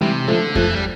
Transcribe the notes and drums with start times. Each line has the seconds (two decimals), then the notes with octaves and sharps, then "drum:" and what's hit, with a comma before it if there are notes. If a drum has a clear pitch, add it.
0.01 C3 E3 G3
0.28 D3 F3 A3
0.55 E3 F3 A3, drum: kick F2
0.75 G3